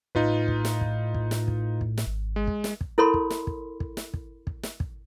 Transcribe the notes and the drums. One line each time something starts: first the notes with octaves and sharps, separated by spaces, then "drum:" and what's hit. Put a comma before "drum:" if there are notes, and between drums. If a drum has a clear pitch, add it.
A2 D#4 F4 B4, drum: kick
drum: kick
drum: snare
drum: kick
drum: kick
drum: snare
drum: kick
drum: kick
drum: snare
G#1
G#3
drum: kick
drum: snare
drum: kick
E4 A4 A#4 C#5 B5 C6
drum: kick
drum: snare
drum: kick
drum: kick
drum: snare
drum: kick
drum: kick
drum: snare
drum: kick